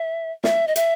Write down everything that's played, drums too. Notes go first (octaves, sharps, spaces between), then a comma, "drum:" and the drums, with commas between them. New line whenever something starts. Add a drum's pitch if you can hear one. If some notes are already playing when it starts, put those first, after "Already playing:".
Already playing: E5
E5, drum: snare
D#5
E5, drum: hi-hat